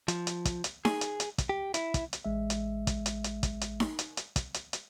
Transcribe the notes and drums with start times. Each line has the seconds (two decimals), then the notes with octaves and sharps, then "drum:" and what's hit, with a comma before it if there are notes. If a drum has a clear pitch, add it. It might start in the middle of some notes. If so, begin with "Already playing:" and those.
0.08 F3, drum: hi-hat
0.27 drum: hi-hat
0.45 drum: kick, hi-hat
0.64 drum: hi-hat
0.85 G#4, drum: snare D#4
1.01 drum: hi-hat
1.20 drum: hi-hat
1.38 drum: kick, hi-hat
1.49 G4
1.74 E4, drum: hi-hat
1.94 drum: kick, hi-hat
2.13 drum: hi-hat
2.25 A1 G#3 E5
2.50 drum: hi-hat
2.87 drum: kick, hi-hat
3.06 drum: hi-hat
3.24 drum: hi-hat
3.43 drum: kick, hi-hat
3.61 drum: hi-hat
3.80 drum: snare D#4
3.99 drum: hi-hat
4.17 drum: hi-hat
4.36 drum: kick, hi-hat
4.54 drum: hi-hat
4.73 drum: hi-hat